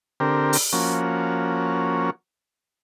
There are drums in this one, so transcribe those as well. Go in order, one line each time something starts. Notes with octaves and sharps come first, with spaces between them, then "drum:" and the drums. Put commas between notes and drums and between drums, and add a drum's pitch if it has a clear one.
D3 C4 G4 A#4
drum: open hi-hat
F3 A#3 C#4 F#4